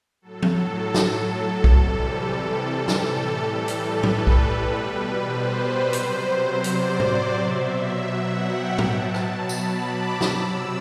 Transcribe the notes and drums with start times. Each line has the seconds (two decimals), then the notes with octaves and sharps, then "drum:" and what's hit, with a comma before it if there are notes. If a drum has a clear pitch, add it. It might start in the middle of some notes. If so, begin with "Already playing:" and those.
0.22 A2 F#3 A4
0.43 drum: tom F3
0.95 drum: snare
1.64 C3 E3 G3 A4, drum: kick B1
2.88 drum: snare
3.07 A2 E3 G3 A4
3.43 A4
3.68 drum: hi-hat
3.79 B4
4.03 drum: tom
4.27 drum: kick B1
4.50 B2 G3
5.22 C5
5.93 C3 F#3, drum: hi-hat
6.64 D5, drum: hi-hat
7.00 drum: tom
7.36 B2 F#3 E5
8.07 F#5
8.43 G5
8.78 B2 F#3 A5, drum: tom
9.14 A5, drum: rim click
9.49 B5, drum: tambourine
9.85 D6
10.21 C3 F#3 E6, drum: snare